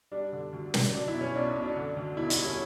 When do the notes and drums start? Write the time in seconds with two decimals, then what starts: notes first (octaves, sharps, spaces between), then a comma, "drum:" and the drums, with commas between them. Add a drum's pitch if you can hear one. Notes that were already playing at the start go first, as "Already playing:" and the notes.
0.11 G3 D4
0.32 D3
0.53 D2
0.74 D2, drum: snare
0.94 F#3 D4
1.08 E4
1.14 B2
1.21 C#4
1.35 B1 D4
1.49 D4
1.56 B1
1.62 D4
1.76 D3
1.96 D2
2.17 E1 E4
2.30 E4, drum: hi-hat
2.37 G3
2.45 C#4